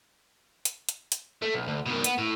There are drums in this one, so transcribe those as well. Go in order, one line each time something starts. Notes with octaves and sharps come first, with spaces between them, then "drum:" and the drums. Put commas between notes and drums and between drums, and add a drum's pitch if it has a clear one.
drum: hi-hat
drum: hi-hat
drum: hi-hat
A3
B1
D2
B2 D#3
B3, drum: hi-hat
A2